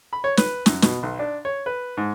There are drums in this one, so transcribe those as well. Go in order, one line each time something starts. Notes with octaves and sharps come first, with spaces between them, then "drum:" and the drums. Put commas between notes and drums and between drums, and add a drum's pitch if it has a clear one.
B5
C#5
B4, drum: snare
F#2, drum: snare
B2, drum: snare
B1
D4
C#5
B4
G#2